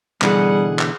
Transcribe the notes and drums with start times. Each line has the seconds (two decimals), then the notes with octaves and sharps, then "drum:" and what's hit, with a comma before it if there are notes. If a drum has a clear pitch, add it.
0.22 B2 D3 E3 G3 G#4 F#5, drum: clap
0.79 drum: clap